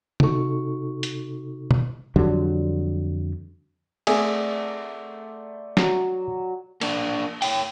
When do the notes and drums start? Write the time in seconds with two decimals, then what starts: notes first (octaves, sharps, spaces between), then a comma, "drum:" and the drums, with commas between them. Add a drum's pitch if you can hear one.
0.20 C3 D#4 F#4 A4 C#6, drum: tom C3
1.03 drum: hi-hat
1.71 drum: tom
2.16 F2 D3 F#3 G3
4.07 A3 C4 G#4 A#4 D5 E5 F#5, drum: cymbal
5.77 F#3, drum: snare
6.81 A#3 D4, drum: cymbal
7.42 C#5 G5, drum: open hi-hat